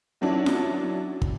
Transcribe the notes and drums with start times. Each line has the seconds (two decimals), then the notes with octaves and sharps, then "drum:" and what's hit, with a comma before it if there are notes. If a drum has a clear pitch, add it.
0.21 D#3 F#3 C#4 D4 E4
0.46 drum: snare F4
1.22 drum: kick